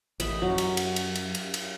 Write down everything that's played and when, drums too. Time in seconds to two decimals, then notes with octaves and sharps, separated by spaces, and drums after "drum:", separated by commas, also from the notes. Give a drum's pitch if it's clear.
0.20 A1 D#5 E5 B5, drum: cymbal
0.42 F#2 F#3
0.58 drum: cymbal
0.77 drum: cymbal
0.96 drum: cymbal
1.15 drum: cymbal
1.35 drum: cymbal
1.54 drum: cymbal